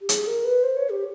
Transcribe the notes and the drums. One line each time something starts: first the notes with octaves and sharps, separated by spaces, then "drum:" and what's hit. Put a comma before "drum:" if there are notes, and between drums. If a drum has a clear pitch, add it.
G4
G#4, drum: hi-hat
A#4
B4
C5
C#5
G4